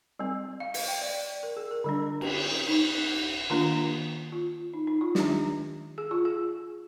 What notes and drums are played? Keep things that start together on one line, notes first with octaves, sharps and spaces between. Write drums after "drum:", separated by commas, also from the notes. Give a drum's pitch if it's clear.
G3 C4
F5
F5, drum: open hi-hat
G5
D5
A#4
G#4
A#4
D3 G3 D4
drum: cymbal
D#4
D#3 A#3 D4 F4
F4
D#4
D#4
F4
D#3 G#3 D4 G4, drum: snare
G#4
F4
G#4